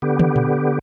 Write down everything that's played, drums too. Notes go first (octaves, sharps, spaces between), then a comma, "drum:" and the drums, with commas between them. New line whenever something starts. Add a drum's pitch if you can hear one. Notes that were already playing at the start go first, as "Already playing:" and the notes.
D3 B3 G4
drum: tom
drum: tom A#2